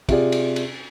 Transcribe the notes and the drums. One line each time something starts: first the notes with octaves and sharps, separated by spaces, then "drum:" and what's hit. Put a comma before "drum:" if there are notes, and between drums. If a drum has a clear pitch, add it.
C3 F4 G#4 D5, drum: kick, cymbal
drum: cymbal
drum: cymbal